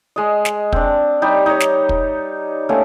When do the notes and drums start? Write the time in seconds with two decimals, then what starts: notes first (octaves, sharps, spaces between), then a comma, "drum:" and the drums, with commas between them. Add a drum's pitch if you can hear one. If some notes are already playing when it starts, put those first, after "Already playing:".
0.16 G#3 D#5
0.45 drum: snare
0.72 C4 D4, drum: kick
1.22 G3 D#4 G4
1.46 D#4 C#5
1.60 drum: snare
1.89 drum: kick
2.69 A3 A#3 C4 C#4